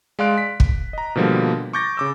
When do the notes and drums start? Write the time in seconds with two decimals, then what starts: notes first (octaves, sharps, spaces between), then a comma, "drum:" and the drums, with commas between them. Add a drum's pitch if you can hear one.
0.19 G#3 D5 F5 C6 F#6 D7
0.38 B6
0.60 drum: kick
0.93 D#5 A#5
1.15 B2 D3 F3 G3 A#3
1.73 C#6 D6 G6 A6 A#6
1.97 C#3 D6 E6